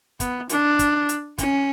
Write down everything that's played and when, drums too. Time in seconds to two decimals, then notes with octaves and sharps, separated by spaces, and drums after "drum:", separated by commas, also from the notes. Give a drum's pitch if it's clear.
0.20 B3, drum: kick, hi-hat
0.49 D4, drum: hi-hat
0.79 drum: kick, hi-hat
1.09 drum: hi-hat
1.38 C#4, drum: kick, hi-hat